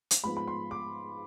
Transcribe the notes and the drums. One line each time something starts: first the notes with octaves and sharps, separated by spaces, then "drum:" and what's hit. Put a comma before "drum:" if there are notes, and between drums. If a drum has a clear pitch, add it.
drum: hi-hat
G#2 F3 B3 B5
B5
C6
D6